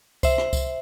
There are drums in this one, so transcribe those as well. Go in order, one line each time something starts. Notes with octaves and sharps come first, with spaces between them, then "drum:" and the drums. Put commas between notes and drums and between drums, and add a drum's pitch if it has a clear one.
C5 E5, drum: kick C#2, tambourine
drum: rim click
drum: kick C#2, tambourine